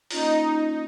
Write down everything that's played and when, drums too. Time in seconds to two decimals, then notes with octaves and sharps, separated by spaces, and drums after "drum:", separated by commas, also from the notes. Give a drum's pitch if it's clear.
0.11 A#3 C#4 D#4 F4, drum: open hi-hat